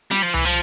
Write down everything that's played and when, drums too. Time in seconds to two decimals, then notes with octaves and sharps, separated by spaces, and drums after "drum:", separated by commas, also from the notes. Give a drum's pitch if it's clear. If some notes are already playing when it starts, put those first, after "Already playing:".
0.11 G3, drum: snare F4
0.23 F3
0.34 E3, drum: tom C2
0.45 F3